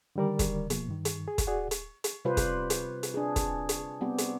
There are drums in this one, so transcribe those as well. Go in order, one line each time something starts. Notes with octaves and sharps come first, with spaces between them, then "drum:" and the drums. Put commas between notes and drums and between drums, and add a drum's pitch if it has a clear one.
D3 D#3 G3 A#4 D5
drum: kick, hi-hat
B2 F3 A#3, drum: hi-hat
G2 D#3
drum: hi-hat
G#4
drum: kick, hi-hat
F#4 G#4 D5 F#5
drum: hi-hat
drum: hi-hat
C3 G3 F4 G4 B4 C5
drum: kick, hi-hat
drum: hi-hat
drum: hi-hat
D4 G#4
drum: kick, hi-hat
drum: hi-hat
G3 B3 C4 G4
drum: hi-hat